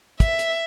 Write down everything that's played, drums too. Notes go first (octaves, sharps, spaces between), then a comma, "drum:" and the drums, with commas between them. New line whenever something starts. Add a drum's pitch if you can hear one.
E5, drum: kick, hi-hat
drum: hi-hat